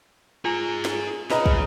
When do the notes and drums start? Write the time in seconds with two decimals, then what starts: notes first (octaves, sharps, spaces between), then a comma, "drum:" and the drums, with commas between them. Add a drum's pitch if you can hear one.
0.45 F4 G#4 G#5 A#5
0.85 drum: snare
1.30 G#4 B4 C#5 D#5 A#5, drum: snare
1.46 drum: kick